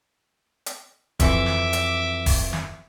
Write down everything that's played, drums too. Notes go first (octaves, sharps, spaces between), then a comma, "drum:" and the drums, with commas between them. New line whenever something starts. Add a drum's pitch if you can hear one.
drum: hi-hat
F2 E3 E5 D6, drum: kick E1, hi-hat
drum: snare
drum: hi-hat
drum: kick E1, open hi-hat
drum: snare